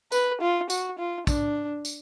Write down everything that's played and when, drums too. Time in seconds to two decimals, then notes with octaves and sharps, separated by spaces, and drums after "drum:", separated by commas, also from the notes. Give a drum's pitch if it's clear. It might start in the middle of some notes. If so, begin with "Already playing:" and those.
0.12 B4, drum: tambourine
0.41 F4
0.70 F#4, drum: tambourine
0.98 F4
1.27 D4, drum: kick, tambourine
1.85 drum: tambourine